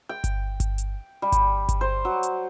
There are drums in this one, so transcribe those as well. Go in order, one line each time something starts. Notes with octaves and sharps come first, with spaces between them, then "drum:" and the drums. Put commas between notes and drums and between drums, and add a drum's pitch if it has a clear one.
G5
drum: kick G1, hi-hat
drum: kick G1, hi-hat
drum: hi-hat
G3
drum: kick G1, hi-hat
drum: kick G1, hi-hat
C5
F#3
drum: hi-hat